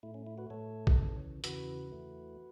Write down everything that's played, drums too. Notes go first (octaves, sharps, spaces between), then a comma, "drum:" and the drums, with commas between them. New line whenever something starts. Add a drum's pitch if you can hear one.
A2 A3 E4
C#4
E4
F#4 B4
A2 A3 A4 C#5
drum: kick
E2 C#3 E3
E2 C#3 E3 F#4 B4, drum: hi-hat
E2 E3 A3